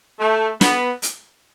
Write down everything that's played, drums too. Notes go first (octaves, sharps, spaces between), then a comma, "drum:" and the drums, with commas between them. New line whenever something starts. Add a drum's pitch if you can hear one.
A3
B3, drum: snare
drum: hi-hat